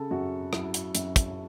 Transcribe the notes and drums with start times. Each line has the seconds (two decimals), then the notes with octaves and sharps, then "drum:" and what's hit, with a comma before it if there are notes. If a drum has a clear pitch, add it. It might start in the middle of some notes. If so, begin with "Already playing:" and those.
Already playing: C#3 A4
0.11 F#2 F#4
0.53 F#3 E4, drum: rim click
0.74 drum: hi-hat
0.95 F#2, drum: hi-hat
1.16 drum: kick, hi-hat